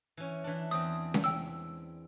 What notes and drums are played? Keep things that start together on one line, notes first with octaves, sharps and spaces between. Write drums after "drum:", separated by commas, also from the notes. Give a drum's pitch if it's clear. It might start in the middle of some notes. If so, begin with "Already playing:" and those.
E3 C#4
E3 D4
E2 C4 C5 D#6
drum: snare C#4
G5 E6